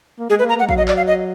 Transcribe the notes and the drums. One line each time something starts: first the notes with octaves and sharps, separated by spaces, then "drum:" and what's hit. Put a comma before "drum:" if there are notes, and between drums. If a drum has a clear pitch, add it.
A#3
G#3 G#4
B4
A#3
A#5
A#3 F#5
G#3
F#3 F5, drum: kick
D#5
D5, drum: clap
F5
D#5